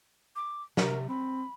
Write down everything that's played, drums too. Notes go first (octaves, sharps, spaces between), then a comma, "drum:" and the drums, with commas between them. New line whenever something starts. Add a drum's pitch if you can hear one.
D6
C3 A#4, drum: snare
C4 B5